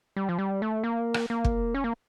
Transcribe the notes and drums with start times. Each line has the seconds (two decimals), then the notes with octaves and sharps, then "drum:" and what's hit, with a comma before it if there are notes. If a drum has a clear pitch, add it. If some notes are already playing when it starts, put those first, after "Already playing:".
0.16 G3
0.29 F3
0.38 G3
0.62 A3
0.84 A#3
1.14 drum: rim click
1.30 A#3
1.44 drum: kick
1.74 C#4
1.84 A#3